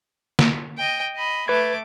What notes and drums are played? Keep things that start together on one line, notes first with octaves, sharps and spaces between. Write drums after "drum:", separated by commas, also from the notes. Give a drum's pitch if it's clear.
drum: snare
D#5 G5
D#5 B5
A3 B4 D6 G#6